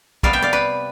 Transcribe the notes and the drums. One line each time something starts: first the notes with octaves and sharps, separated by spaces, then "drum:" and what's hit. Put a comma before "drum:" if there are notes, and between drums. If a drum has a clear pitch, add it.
C3 G3 B3 D5 F5, drum: kick
E5 G5
D5 F5
B4 D5